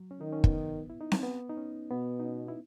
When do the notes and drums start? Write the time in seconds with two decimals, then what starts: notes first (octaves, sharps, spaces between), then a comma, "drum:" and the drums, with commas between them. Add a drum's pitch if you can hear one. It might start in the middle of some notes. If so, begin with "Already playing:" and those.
Already playing: F#3
0.11 C#4
0.20 D#3 D#4
0.32 C#4
0.44 B3, drum: kick
0.90 E4
1.01 D#4
1.12 C#4, drum: snare C4
1.23 B3
1.49 D#4
1.57 C#4
1.91 B2 B3
2.19 D#4
2.25 C#4
2.48 E4